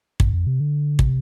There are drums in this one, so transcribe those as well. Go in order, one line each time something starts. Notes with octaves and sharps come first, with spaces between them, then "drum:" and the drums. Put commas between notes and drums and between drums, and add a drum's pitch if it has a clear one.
G2, drum: kick
F2
C3
D3
C3, drum: kick